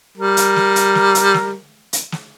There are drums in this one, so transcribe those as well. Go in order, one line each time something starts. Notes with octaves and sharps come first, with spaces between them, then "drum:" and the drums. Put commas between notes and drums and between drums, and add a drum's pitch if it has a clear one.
G3 A#4
drum: hi-hat
drum: snare
drum: hi-hat
drum: snare
drum: hi-hat
drum: snare
drum: hi-hat
drum: snare